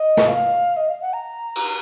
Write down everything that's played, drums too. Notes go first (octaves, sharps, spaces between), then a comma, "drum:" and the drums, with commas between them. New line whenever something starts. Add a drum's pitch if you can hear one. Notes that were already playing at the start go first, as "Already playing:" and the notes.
Already playing: D#5
drum: snare
F5
D#5
F5
F#5
A#5
drum: cymbal